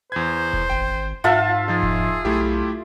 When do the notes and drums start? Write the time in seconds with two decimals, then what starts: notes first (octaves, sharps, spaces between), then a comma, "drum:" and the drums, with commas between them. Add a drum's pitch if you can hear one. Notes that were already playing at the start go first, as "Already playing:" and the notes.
0.12 E2 C5 G#6
0.53 drum: kick E1
0.70 G#1 G5
1.24 G#2 F4 E5 F#5 A5
1.68 F3 D#4 G#4
1.83 drum: kick E1
2.25 B1 A3 E4 G4